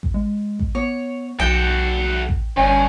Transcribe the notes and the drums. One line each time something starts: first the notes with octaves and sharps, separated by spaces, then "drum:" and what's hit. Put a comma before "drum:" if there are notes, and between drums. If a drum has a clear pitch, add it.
drum: kick A1
G#3
drum: kick A1
B3 C#5
B1 F#4 A4 G5
drum: kick A1
G1 G2 C#4